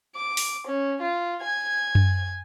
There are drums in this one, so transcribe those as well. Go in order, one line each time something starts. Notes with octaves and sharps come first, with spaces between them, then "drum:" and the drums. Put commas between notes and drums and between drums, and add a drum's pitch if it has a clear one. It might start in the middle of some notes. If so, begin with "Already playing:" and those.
D6
drum: open hi-hat
C#4
F4
G#5 G#6
drum: tom F#2